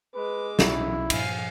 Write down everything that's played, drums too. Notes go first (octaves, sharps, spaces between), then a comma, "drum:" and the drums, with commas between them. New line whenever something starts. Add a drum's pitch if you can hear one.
G#3 B4 D6
B1 C#4 E4, drum: snare
G2 A#2 F3 F5 G#5 C7, drum: cymbal